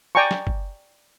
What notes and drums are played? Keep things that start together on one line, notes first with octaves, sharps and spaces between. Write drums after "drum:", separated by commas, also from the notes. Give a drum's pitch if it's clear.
D5 G5 G#5 A#5 C#6
drum: snare
drum: kick